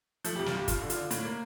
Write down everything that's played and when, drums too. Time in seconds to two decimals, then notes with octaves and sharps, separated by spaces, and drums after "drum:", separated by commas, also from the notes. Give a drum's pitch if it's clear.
0.24 F3 A3 A4, drum: hi-hat
0.35 G3 G4
0.39 F2
0.46 F4, drum: snare
0.54 G1 G3 G4
0.68 G1 F4, drum: kick, hi-hat
0.81 D3
0.90 F4, drum: hi-hat
0.96 D3
1.11 A2, drum: hi-hat
1.25 A#3